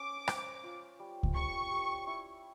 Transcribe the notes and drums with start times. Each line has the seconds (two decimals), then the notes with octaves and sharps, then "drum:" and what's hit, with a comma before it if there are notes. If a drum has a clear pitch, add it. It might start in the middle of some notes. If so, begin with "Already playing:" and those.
Already playing: C#4 D6
0.28 C5, drum: rim click
0.63 F4
0.99 G3
1.23 drum: kick C#2
1.35 G3 C#6
1.71 G4
2.07 E4